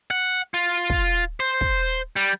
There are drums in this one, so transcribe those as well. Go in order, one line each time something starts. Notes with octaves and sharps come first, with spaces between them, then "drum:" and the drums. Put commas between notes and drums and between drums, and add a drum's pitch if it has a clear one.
F#5
F4
drum: kick
C5
drum: kick
G3